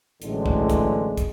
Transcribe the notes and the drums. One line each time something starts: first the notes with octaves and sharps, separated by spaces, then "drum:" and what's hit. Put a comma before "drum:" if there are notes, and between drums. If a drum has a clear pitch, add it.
A1 A2 D3 F#3 G#3, drum: hi-hat
drum: kick
drum: kick, hi-hat
drum: kick, hi-hat